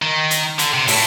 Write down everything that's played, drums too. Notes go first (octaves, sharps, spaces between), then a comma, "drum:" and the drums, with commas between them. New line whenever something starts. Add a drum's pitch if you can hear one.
D#3
drum: hi-hat
D3, drum: hi-hat
C3
A2, drum: open hi-hat